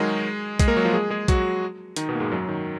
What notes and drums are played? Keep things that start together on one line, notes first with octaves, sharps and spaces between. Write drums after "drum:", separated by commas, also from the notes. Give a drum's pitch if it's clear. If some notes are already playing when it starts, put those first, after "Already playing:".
Already playing: D#3 F#3 G#3 D#4 F#4 G#4 A#4
G#3 G#4, drum: kick A#1, hi-hat
A#3 A#4
F#3 F#4
F3 F4
G#3 G#4
G#3 G#4
F#3 F#4, drum: kick A#1, hi-hat
D#3 D#4, drum: hi-hat
B2 B3
A#3
G#2 G#3
F#2 F#3
D#3